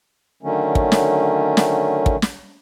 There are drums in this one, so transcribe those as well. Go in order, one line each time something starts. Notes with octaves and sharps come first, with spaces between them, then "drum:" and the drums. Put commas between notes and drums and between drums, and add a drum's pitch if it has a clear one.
D3 D#3 F#3 A3 C#4
drum: kick
drum: snare
drum: snare
drum: kick
drum: snare